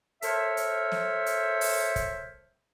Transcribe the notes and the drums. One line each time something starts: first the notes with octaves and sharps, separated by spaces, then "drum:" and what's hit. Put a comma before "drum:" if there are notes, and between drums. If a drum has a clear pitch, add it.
A4 A#4 C5 C#5 E5, drum: hi-hat
drum: hi-hat
drum: snare
drum: hi-hat
drum: open hi-hat
drum: kick, hi-hat